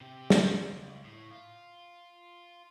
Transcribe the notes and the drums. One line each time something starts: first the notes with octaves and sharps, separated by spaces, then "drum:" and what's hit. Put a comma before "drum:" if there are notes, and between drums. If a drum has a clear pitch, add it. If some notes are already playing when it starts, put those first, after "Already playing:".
C3 G4
drum: snare
C#2
A2
F4